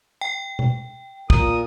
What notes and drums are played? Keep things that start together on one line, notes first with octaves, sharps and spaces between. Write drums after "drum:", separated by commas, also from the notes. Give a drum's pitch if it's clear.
G5
drum: tom
A#2 A#4 D#6, drum: kick